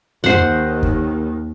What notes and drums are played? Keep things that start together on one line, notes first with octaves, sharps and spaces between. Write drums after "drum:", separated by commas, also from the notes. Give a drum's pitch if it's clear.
D#2 D#3 C5 F#5, drum: tom F2
drum: kick